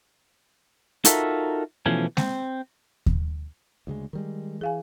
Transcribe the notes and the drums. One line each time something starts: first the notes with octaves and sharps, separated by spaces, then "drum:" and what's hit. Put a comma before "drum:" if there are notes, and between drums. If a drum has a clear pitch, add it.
D#4 F4 F#4 A4 A#4 E5, drum: hi-hat
B2 E3 F3 A3 C#4
C4, drum: snare G#3
drum: kick D#2
D2 C#3 G#3
D#3 G3 G#3
E3 G#4 F5 G#5